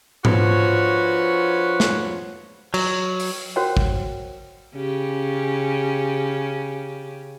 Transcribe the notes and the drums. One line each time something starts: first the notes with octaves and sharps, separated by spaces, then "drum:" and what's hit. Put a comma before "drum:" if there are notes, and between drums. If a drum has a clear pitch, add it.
F3 D4 F#4 B4 C#5, drum: tom G#2
drum: snare
F#3, drum: cymbal
drum: open hi-hat
F#4 A#4 C5 C#5 F#5 G5
drum: kick
C#3 C#4 G4